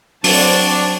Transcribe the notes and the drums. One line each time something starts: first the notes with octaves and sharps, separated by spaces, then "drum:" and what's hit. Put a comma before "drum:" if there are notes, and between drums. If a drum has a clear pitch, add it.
F#3 C4 D4 C#5 D5 A5, drum: open hi-hat